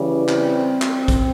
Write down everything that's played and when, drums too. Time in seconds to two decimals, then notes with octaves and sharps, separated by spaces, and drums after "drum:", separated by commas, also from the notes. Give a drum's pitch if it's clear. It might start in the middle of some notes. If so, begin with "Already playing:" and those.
Already playing: C#3 E3 G3
0.28 C4, drum: clap
0.82 drum: clap
1.08 drum: kick, hi-hat